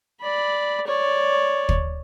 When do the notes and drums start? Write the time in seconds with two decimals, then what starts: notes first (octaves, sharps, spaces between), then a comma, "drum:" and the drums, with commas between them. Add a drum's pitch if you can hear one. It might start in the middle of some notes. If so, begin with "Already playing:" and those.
0.21 D5 B5
0.87 C#5 D5
1.69 drum: kick